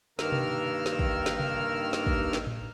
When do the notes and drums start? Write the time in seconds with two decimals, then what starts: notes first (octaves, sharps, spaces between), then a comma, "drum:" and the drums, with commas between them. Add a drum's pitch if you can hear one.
0.19 G2 D#3 A#3 A#4 E6 F6, drum: snare
0.32 drum: tom B2
0.86 drum: snare
0.99 drum: kick
1.26 drum: snare
1.39 drum: tom C3
1.93 drum: snare
2.06 drum: kick
2.33 drum: snare
2.47 drum: tom A2